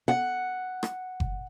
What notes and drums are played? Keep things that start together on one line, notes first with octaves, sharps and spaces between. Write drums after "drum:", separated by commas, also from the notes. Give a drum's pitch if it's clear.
F#5
drum: rim click
drum: kick F#1